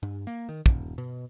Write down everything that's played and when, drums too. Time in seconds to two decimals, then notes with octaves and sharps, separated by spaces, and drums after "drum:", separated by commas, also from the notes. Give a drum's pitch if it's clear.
0.03 G2
0.27 A#3
0.49 D#3
0.66 D#1, drum: kick
0.98 B2